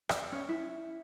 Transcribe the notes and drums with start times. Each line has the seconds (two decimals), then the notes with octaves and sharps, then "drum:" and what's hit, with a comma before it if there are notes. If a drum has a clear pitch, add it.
0.09 D5, drum: rim click
0.32 C#4
0.49 E4